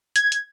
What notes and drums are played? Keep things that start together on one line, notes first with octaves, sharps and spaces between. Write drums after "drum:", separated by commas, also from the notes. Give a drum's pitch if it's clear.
G#6, drum: hi-hat
drum: hi-hat